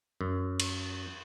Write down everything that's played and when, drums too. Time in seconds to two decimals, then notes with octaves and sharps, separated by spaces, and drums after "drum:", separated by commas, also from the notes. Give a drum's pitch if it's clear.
0.21 F#2
0.60 drum: cymbal